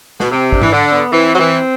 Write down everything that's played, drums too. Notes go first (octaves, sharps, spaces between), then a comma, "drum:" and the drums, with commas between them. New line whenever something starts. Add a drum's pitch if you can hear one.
B2, drum: snare
C3 C4
D4, drum: kick
E3, drum: tom G#2
D3 D4
B3
E3 C4
F#3
E3